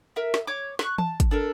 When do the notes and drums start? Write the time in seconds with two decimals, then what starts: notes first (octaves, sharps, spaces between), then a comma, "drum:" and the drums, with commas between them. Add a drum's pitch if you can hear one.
0.16 A#4 E5
0.34 drum: snare
0.47 C#5 D6
0.79 C#6 F#6, drum: snare
0.98 A5, drum: tom E3
1.20 drum: kick, hi-hat
1.31 D4 A4 A#4